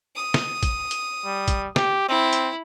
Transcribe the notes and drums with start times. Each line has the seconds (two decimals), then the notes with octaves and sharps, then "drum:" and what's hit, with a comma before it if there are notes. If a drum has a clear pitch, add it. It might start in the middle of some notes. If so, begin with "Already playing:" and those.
0.16 D#6
0.34 drum: snare
0.63 drum: kick, hi-hat
0.91 drum: hi-hat
1.25 G3
1.48 drum: kick, hi-hat
1.76 G4, drum: snare
2.09 C4 E4
2.33 drum: hi-hat